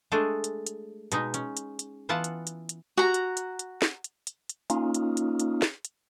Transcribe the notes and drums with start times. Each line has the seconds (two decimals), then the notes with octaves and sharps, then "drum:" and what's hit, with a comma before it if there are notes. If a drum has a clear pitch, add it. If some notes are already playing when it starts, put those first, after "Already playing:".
0.12 G#3 A3 D4 G#4 A4
0.44 drum: hi-hat
0.67 drum: hi-hat
1.12 B2 G#3 D#4, drum: hi-hat
1.34 C#4, drum: hi-hat
1.57 drum: hi-hat
1.79 drum: hi-hat
2.09 E3 B3 F4 E5 F#5 A5
2.24 drum: hi-hat
2.47 drum: hi-hat
2.69 drum: hi-hat
2.97 F#4 A#5
3.14 drum: hi-hat
3.37 drum: hi-hat
3.59 drum: hi-hat
3.82 drum: snare
4.04 drum: hi-hat
4.27 drum: hi-hat
4.49 drum: hi-hat
4.70 A#3 C#4 D#4 F4, drum: hi-hat
4.94 drum: hi-hat
5.17 drum: hi-hat
5.40 drum: hi-hat
5.62 drum: snare
5.85 drum: hi-hat